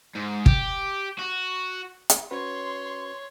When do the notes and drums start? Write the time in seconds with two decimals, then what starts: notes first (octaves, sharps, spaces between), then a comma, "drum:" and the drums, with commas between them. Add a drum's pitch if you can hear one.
0.15 G#2
0.46 G4, drum: kick
1.19 F#4
2.10 drum: hi-hat
2.31 C#4 F#4 B4 C#5 C6